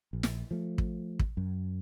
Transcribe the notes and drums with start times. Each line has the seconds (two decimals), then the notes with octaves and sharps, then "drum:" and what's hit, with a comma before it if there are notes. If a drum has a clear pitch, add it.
0.13 A#1
0.23 drum: snare
0.51 F3 A3
0.78 drum: kick
1.19 drum: kick
1.37 F#2